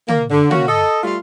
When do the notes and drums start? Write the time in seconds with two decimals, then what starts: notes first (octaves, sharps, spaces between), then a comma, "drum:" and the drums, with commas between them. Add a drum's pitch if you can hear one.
0.08 A#3, drum: tom
0.31 D3
0.51 A#3 C#4 F#4, drum: tom
0.69 A4 D#5
1.04 G3 A3 F4